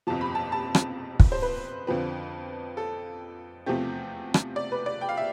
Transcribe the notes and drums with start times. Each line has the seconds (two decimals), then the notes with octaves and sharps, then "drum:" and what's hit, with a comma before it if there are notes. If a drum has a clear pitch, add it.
0.07 G1 F2 C3 F3 A5
0.21 B5
0.35 A5
0.52 A5
0.75 drum: rim click
1.20 drum: kick
1.32 C5
1.42 B4
1.87 F2 D3 F3 C4 B4
2.77 A4
3.66 E2 C3 F3 A3 C4 G4
4.34 drum: rim click
4.56 D5
4.72 B4
4.86 D5
5.01 G5
5.09 F5
5.17 E5